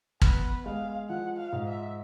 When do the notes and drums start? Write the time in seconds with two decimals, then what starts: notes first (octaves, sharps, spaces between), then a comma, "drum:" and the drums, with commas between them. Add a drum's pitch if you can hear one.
0.22 B3 B4, drum: kick
0.65 G#3 F5
1.09 F3 F#5
1.38 F5
1.52 G#2
1.68 E5